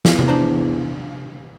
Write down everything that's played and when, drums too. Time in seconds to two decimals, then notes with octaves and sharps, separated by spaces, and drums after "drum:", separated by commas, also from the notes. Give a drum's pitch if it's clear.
0.05 E2, drum: snare
0.19 drum: tom C3
0.28 D4 C5 A#5